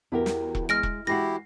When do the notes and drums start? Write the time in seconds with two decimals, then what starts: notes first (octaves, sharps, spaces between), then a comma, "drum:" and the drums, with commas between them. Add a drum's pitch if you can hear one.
0.12 E2 B3 E4 F#4 G4 A#4
0.26 drum: snare
0.55 drum: kick E1
0.69 G#3 F6 A#6 D7
0.83 drum: kick E1
1.07 E3 G#3 E4 F#4 G4 A#6 C7